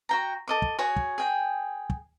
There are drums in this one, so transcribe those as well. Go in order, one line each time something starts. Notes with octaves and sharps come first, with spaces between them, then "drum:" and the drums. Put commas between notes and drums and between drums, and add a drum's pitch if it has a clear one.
F#4 G5 A#5
A4 D#5 D6
drum: kick
F#4 G#4 C#5
drum: kick
G#4 G5
drum: kick